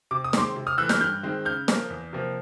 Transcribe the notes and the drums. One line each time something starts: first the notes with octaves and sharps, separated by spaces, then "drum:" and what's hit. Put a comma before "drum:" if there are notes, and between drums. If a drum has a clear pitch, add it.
C3 D6
D#6
D#3 G#3 C4 C6 D6, drum: snare
C3
D#6 F6
E3 A3 E6 F#6
F6 G6, drum: snare
G2 F6 G6
D#3 G#3 C4
C#3 F6 G6
F3 A#3, drum: snare
E2
C3 F3 A#3